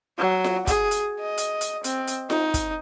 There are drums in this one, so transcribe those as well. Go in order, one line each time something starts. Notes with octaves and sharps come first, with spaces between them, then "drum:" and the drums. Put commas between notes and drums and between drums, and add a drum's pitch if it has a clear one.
F#3
drum: snare F4
G#4, drum: kick, hi-hat
drum: hi-hat
D#5
drum: hi-hat
drum: hi-hat
C4, drum: hi-hat
drum: hi-hat
D#4, drum: snare F4
drum: kick, hi-hat